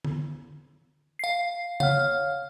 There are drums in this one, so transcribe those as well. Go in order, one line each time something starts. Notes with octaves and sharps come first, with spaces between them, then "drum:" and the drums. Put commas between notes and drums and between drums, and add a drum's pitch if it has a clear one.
drum: tom D3
F5 C7
C#5 F5 F#5 F6, drum: tom C#3